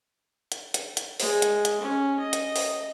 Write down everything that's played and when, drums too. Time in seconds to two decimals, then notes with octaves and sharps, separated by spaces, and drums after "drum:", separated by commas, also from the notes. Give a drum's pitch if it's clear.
0.52 drum: hi-hat
0.74 drum: hi-hat
0.97 drum: hi-hat
1.20 G#3, drum: open hi-hat
1.42 drum: hi-hat
1.65 drum: hi-hat
1.80 C#4
2.19 D#5
2.33 drum: hi-hat
2.56 drum: open hi-hat